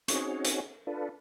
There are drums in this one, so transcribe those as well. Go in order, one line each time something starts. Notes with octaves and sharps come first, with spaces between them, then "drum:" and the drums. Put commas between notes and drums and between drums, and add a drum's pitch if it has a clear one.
C4 C#4 D#4 F#4 G#4 C#5, drum: hi-hat
drum: hi-hat
D4 F4 A4 B4